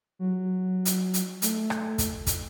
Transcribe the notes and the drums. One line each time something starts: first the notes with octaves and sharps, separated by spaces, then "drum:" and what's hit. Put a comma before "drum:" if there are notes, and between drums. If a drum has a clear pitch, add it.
F#3
drum: hi-hat
drum: hi-hat
A3, drum: hi-hat
drum: rim click
drum: kick, hi-hat
drum: kick, hi-hat